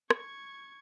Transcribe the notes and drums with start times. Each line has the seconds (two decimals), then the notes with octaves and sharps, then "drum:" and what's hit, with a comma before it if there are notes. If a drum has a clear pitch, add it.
0.10 C#6 G#6, drum: rim click